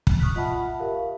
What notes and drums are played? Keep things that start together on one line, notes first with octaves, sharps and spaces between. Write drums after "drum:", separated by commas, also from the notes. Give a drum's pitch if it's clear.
drum: kick
C#6 D#6 F6 F#6 B6
F4 D#5 E5 F#5 A5 B5
G4 A#4 E5 F5